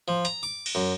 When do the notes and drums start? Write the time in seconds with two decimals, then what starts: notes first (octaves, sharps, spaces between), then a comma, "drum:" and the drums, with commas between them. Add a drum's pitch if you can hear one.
0.08 F3
0.25 A#5, drum: hi-hat
0.43 D6
0.66 drum: cymbal
0.75 F#2